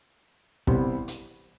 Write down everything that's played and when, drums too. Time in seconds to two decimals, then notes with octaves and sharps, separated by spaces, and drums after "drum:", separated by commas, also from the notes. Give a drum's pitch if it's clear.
0.67 C2 C3 G3 B3, drum: kick
1.08 drum: hi-hat